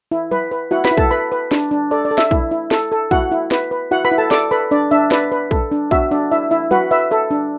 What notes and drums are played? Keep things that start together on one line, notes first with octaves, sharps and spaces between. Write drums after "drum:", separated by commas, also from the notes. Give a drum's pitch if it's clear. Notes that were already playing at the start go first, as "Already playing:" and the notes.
E4
B4, drum: tom
B4
E4 F#4 F#5
B4 B5, drum: snare
E4
A4 A5, drum: kick
B4 B5
B4
D4, drum: snare
D4
A4 D5
D5
A4
E5, drum: snare
E4, drum: kick
E4
A4, drum: snare
A4
E4 F#4 F#5, drum: kick
E4
B4, drum: snare
B4
E4 F#4 F#5
B4 B5
E4
A4 A5
A4 D5 D6, drum: snare
A4 B4 B5
D4 D5
D4 E5
B4 D5, drum: snare
B4
A4, drum: kick
D4
F#4 E5, drum: kick
D4 D5
E4 E5
E4 E5
F#4 B4 F#5, drum: tom
B4 E5
A4 E5
D4